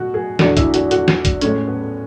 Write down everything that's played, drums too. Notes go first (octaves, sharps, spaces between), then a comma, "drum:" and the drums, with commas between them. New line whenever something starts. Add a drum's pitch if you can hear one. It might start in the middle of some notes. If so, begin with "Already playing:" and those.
Already playing: B2 F#4
G#4
E2 D3 G#3 F#4, drum: snare
E4, drum: kick A#1, hi-hat
F#4, drum: hi-hat
F#4, drum: hi-hat
drum: snare
drum: kick A#1, hi-hat
A2 G#3 C#4, drum: hi-hat
B3